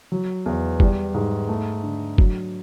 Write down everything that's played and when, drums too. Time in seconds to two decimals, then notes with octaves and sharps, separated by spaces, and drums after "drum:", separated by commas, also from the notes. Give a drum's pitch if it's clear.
0.12 F#3
0.46 E2
0.80 G3, drum: kick F#1
1.14 G#2
1.49 A3
1.83 D3
2.18 F#3, drum: kick F#1